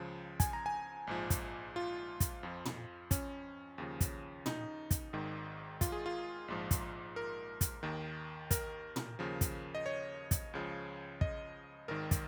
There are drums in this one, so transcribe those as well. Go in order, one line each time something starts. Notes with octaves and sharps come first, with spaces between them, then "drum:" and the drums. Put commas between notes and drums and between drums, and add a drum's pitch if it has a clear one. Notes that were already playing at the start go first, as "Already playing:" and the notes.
Already playing: C#2 C#3 F3
G#5, drum: kick, hi-hat
A#5
G#5
A#1 G#2 F3
drum: kick, hi-hat
F4
drum: kick, hi-hat
F2 F3
drum: tom
C#4, drum: kick, hi-hat
D#2 C#3 F3
drum: kick, hi-hat
D#4, drum: tom
drum: kick, hi-hat
G#1 G#2 D#3
F4, drum: kick, hi-hat
G#4
F4
A#1 G#2 F3
drum: kick, hi-hat
A#4
drum: kick, hi-hat
D#2 D#3
A#4, drum: kick, hi-hat
drum: tom
D#2 C#3 F3
drum: kick, hi-hat
D#5
C#5
drum: kick, hi-hat
C#2 C#3 F3
D#5, drum: kick
G#1 G#2 D#3 A#4
drum: kick, hi-hat